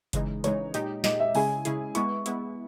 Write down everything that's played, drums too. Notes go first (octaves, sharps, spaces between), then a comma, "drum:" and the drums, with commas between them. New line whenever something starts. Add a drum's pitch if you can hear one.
C#3 E3 G#3 D#4, drum: kick F#1, hi-hat
C#3 E3 G#3 D#4 C#5, drum: hi-hat
A#2 G#3 D#4 G4, drum: hi-hat
A#2 G#3 D#4 G4 D#5, drum: snare
E5
C#3 G#3 C#4 E4 G#4 G#5, drum: open hi-hat
C#3 G#3 C#4 E4 G#4, drum: hi-hat
G#3 B3 E4 C#6, drum: hi-hat
G#3 B3 E4, drum: hi-hat